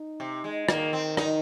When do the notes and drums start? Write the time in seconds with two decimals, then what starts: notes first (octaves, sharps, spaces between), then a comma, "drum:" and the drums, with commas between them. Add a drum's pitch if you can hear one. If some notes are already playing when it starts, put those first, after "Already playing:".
Already playing: D#4
0.20 C3
0.44 G#3
0.69 D#3 A#3, drum: rim click
0.93 C4
1.17 D#4, drum: rim click